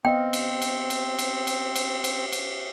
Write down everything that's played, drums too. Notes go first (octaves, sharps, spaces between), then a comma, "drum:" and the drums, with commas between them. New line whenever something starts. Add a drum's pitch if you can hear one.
B3 C4 D#5 F5 G5
drum: cymbal
drum: cymbal
drum: cymbal
drum: cymbal
drum: cymbal
drum: cymbal
drum: cymbal
drum: cymbal